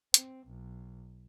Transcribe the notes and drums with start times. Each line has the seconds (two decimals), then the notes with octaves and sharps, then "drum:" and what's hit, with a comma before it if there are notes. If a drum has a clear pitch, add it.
0.14 C4, drum: hi-hat
0.48 B1